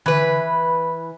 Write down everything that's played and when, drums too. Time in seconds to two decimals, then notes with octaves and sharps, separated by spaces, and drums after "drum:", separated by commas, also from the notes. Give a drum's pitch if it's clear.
0.06 E3 B4, drum: tom D3